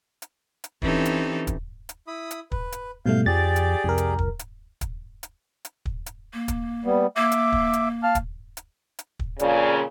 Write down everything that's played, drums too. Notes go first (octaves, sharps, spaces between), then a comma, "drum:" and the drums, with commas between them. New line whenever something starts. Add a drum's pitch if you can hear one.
drum: hi-hat
drum: hi-hat
E3 C4 C#4 D#4 G4 A4, drum: kick
drum: hi-hat
drum: kick, hi-hat
drum: hi-hat
E4 B5 D#6
drum: hi-hat
B4, drum: kick
drum: hi-hat
G#2 B2 G3 A3 F5 G6
F2 G4 G#4 D5 A6
drum: hi-hat
C2 F2 A#4
drum: hi-hat
drum: kick
drum: hi-hat
drum: kick, hi-hat
drum: hi-hat
drum: hi-hat
drum: kick
drum: hi-hat
A#3
drum: kick, hi-hat
G3 B3
A#3 E5 D6
drum: hi-hat
drum: kick
drum: hi-hat
F5 A5 F6
drum: kick, hi-hat
drum: hi-hat
drum: hi-hat
drum: kick
F2 A#2 C#3 D5, drum: hi-hat